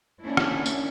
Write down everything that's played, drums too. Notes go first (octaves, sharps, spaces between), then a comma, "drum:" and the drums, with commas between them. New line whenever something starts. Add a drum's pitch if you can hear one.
A#3 C#4 D4 E4
drum: rim click
drum: tambourine